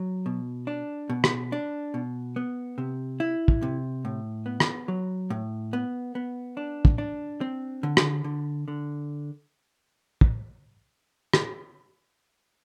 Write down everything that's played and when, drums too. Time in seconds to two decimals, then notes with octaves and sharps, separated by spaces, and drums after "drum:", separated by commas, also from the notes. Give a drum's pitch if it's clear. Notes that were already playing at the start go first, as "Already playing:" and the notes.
Already playing: F#3
0.26 B2
0.67 D4
1.10 B2
1.24 drum: rim click
1.52 D4
1.94 B2
2.36 B3
2.78 C3
3.20 E4
3.48 drum: kick
3.62 C3
4.05 A2
4.46 B3
4.60 drum: rim click
4.88 F#3
5.30 A2
5.73 B3
6.15 B3
6.57 D4
6.85 drum: kick
6.98 D4
7.41 C4
7.83 D3
7.97 drum: rim click
8.24 D3
8.68 D3
10.21 drum: kick
11.34 drum: rim click